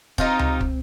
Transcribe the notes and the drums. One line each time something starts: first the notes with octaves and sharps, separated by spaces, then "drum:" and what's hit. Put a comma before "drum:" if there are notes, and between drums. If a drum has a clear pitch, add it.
C4 D#4 F4 G4, drum: kick
drum: tom C#2
drum: kick